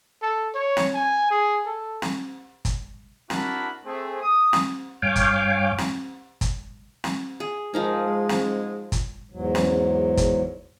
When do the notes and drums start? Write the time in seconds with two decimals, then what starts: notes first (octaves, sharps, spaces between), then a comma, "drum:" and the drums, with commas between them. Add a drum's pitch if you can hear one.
0.22 A4
0.55 C#5
0.77 drum: snare
0.94 G#5
1.31 G#4
1.66 A4
2.02 drum: snare
2.65 drum: kick, hi-hat
3.30 D4 E4 F#4 A#4 A5 B5, drum: snare
3.85 A3 C4 G#4
4.22 D#6
4.53 drum: snare
5.02 G2 C#5 F5 G5 G#5 D6
5.16 drum: kick, hi-hat
5.78 drum: snare
6.41 drum: kick, hi-hat
7.04 drum: snare
7.40 G#4
7.74 G#2 F3 D#4 G#4 A#4
8.07 G#3
8.29 drum: snare
8.92 drum: kick, hi-hat
9.31 E2 G#2 F#3
9.55 drum: snare
10.17 drum: kick, hi-hat